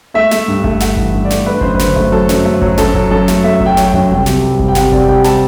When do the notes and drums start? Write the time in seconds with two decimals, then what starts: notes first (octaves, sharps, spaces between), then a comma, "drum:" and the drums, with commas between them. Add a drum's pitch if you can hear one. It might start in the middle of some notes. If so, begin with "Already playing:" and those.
0.14 A3 E5
0.31 A3, drum: snare
0.48 G2
0.64 A3, drum: kick G1
0.81 A3 F#5, drum: snare
0.97 E3, drum: kick G1
1.13 G2
1.25 D5
1.31 A3, drum: snare
1.46 A3 B4
1.61 F#2 C5, drum: kick G1
1.75 B4
1.80 D3, drum: snare
1.96 A3, drum: kick G1
2.12 F#3 A4
2.29 F#2, drum: snare
2.45 A3
2.62 F#3, drum: kick G1
2.78 F#2 A4, drum: snare
2.94 F#3, drum: kick G1
3.11 F#2 A4
3.28 A3, drum: snare
3.44 A3 E5
3.60 F#3, drum: kick G1
3.66 G5
3.77 F#3, drum: snare
3.88 G5
3.94 F#2, drum: kick G1
4.09 C2 G5
4.26 C3, drum: snare
4.43 G3
4.59 G3, drum: kick G1
4.68 G5
4.75 C3 F#5, drum: snare
4.92 C3 D5, drum: kick G1
5.08 G3 G5
5.24 G3 A5, drum: snare